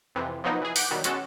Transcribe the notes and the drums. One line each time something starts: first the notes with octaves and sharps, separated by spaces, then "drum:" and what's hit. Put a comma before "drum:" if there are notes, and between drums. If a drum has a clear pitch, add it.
F2 C3 E3
F3 F#3 A#3 B3 D#4
E3 G#4
F#5 D6 G6, drum: open hi-hat
B2 D#3 F#3 G3
B2 G#3 C#4 F#4 A4, drum: hi-hat